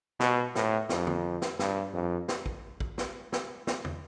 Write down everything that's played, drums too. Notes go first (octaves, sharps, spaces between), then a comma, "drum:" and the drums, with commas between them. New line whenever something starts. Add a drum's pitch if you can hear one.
B2, drum: snare
A2, drum: snare
F2, drum: snare
drum: tom
drum: snare
G2, drum: snare
F2
drum: snare
drum: kick
drum: kick
drum: snare
drum: snare
drum: snare
drum: tom